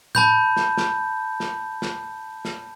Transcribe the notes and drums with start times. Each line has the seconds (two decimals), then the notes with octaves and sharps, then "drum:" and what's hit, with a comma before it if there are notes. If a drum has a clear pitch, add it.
0.15 A5 B5 G6, drum: tom A2
0.57 drum: snare
0.77 drum: snare
1.40 drum: snare
1.82 drum: snare
2.45 drum: snare